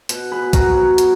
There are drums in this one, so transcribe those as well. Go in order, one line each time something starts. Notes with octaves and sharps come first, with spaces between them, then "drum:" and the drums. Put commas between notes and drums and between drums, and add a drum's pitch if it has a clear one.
B2, drum: hi-hat
G#4 B4
B2
F#4 A#4, drum: kick, hi-hat
F#3
drum: hi-hat